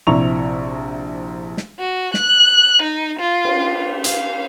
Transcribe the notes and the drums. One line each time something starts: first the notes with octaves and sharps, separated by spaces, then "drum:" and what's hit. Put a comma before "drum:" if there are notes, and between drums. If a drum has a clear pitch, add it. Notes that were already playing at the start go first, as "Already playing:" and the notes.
A#1 C3 E4 A#5 C#6 F7
drum: snare
F#4
F#6, drum: snare
D#4
F4
drum: cymbal
F5, drum: hi-hat